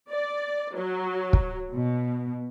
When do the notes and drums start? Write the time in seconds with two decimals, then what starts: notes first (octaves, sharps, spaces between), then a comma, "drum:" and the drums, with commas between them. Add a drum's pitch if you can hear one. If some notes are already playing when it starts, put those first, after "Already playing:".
0.11 D5
0.77 F#3
1.33 drum: kick
1.73 B2